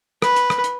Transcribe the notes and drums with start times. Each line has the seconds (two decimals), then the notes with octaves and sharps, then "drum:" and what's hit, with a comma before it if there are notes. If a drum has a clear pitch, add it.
0.22 B4, drum: rim click
0.36 drum: hi-hat
0.50 drum: rim click
0.64 drum: hi-hat